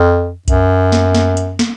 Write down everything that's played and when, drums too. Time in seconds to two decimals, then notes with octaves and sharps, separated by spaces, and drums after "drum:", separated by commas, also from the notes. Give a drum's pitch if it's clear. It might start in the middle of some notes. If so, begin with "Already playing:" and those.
Already playing: F2
0.48 F#2, drum: kick B1, hi-hat
0.92 drum: snare
1.15 drum: snare
1.37 drum: hi-hat
1.59 drum: snare